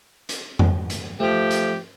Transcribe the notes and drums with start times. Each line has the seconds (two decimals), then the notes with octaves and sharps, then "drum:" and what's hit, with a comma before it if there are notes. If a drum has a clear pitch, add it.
0.29 drum: hi-hat
0.59 drum: tom F2
0.90 drum: hi-hat
1.20 F3 A3 G4
1.51 drum: hi-hat